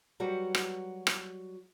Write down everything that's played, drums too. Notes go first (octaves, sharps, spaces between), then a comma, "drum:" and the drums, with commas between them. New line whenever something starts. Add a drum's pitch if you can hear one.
F#3 G3 F#4 G4 B4
drum: rim click
drum: rim click